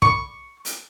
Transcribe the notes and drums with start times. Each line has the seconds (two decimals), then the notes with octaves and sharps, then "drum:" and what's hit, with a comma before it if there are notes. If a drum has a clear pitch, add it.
0.02 C#6, drum: kick
0.65 drum: hi-hat